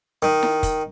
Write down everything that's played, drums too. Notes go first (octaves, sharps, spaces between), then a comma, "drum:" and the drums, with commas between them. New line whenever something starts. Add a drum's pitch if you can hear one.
D#3
drum: snare E4
drum: kick, hi-hat